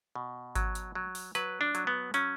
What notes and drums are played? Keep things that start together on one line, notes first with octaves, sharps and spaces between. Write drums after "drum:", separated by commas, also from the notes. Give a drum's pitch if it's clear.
B2
F#3, drum: kick G#1, hi-hat
drum: hi-hat
F#3
drum: open hi-hat
F#3 B4, drum: hi-hat
D4
F#3, drum: hi-hat
B3
F#3 C#4, drum: hi-hat